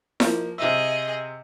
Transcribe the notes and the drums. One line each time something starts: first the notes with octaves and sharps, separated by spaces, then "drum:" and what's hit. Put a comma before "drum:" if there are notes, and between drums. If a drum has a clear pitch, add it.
F3 A#3, drum: snare E4
C3 G#4 D#5 E5